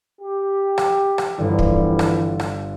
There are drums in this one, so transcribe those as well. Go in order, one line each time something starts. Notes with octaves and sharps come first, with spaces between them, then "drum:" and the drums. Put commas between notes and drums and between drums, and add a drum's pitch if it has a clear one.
G4
drum: rim click
drum: rim click
G1 E2 G2 D3 E3 F3 G3
drum: kick
drum: rim click
drum: rim click